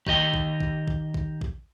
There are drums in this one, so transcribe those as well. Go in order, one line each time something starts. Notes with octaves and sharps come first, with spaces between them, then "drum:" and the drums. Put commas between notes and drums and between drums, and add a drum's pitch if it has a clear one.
D#3 G4 D#5 G5, drum: kick
drum: kick
drum: kick
drum: kick
drum: kick
drum: kick